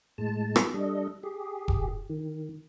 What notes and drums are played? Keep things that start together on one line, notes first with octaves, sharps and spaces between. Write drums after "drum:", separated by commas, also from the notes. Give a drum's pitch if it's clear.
A2 G#3 A5
drum: rim click
G3 D4 A4 D#5
G4 G#4
drum: kick E1
D#3